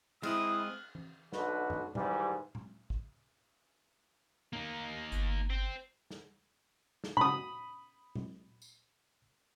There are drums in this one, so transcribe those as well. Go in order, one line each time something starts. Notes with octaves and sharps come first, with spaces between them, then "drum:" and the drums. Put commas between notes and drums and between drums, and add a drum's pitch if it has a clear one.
G#3 C4 E4 D#6 F6 F#6 F#7, drum: cymbal
drum: tom E3
B1 D3 D#4 F#4 B4, drum: snare
drum: tom F#2
G#2 D#3 E3 G3, drum: tom A#2
drum: tom A#2
drum: kick
A#3 D#4
G1, drum: hi-hat
C5 G5
drum: snare
drum: snare
B5 D#6, drum: tom A#2
drum: tom A#2
drum: tambourine